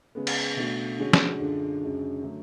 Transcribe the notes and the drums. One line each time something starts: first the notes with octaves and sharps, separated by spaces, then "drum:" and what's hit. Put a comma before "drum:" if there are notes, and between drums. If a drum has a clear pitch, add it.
C#3 G#3 B3
drum: cymbal
B2 A3 D4 F#4
D3 G#3 C#4 F#4
drum: snare
F#2 D3 G#3 D4 F4
F#2 C#3 G#3 D4 F#4
D3 F#3 A3